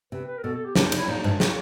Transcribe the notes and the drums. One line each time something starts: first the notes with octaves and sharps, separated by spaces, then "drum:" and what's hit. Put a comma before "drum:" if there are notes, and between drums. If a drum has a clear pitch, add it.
C3 B4
B4
A#4
B2 A4
A4
G4
A#2 G4, drum: snare
D#4
C3, drum: cymbal
E4
A#2 D#4
G#2 D4
D#4, drum: snare